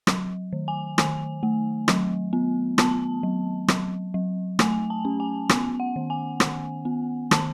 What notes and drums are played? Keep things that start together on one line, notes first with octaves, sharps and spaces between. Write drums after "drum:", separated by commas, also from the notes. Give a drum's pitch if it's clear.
F#3, drum: rim click
D#3
G#5
D#3 G#5, drum: rim click
A3
F#3, drum: rim click
B3
B3 A5, drum: rim click
F#3
F#3, drum: rim click
F#3
A3 G#5, drum: rim click
A5
C#4
G#5
B3 G#5, drum: rim click
F#5
D#3
G#5
D#3, drum: rim click
B3
D#3 A5, drum: rim click